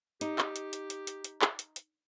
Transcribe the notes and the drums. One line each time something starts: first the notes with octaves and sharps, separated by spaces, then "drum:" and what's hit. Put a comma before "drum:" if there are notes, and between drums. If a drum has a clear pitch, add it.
D#4 G4, drum: hi-hat
drum: clap
drum: hi-hat
drum: hi-hat
drum: hi-hat
drum: hi-hat
drum: hi-hat
drum: clap
drum: hi-hat
drum: hi-hat